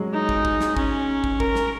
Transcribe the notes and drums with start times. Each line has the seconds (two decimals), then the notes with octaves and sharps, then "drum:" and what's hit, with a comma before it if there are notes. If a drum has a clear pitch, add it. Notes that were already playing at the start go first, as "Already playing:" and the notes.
Already playing: F#3 G#3
0.13 D#4
0.29 drum: kick
0.45 drum: kick
0.61 drum: snare
0.77 C#4, drum: kick
1.24 drum: kick
1.40 A#4, drum: kick
1.55 drum: snare